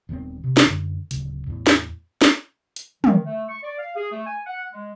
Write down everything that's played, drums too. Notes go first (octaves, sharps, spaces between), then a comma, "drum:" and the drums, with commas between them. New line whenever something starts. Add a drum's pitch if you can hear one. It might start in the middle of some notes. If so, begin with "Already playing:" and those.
D#1 D#3 B3 C4
C3
drum: snare
F#2 D3
D1 C#3, drum: hi-hat
E2 A2
drum: snare
drum: snare
drum: hi-hat
D#3, drum: tom
A3
C#6
D5
F5
G#4
A3
G#5
F#5
G#3